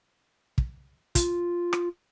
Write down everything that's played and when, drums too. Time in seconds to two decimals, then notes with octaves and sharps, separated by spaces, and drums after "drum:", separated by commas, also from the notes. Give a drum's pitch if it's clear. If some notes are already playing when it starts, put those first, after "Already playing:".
0.58 drum: kick
1.15 F4, drum: kick, hi-hat
1.73 drum: rim click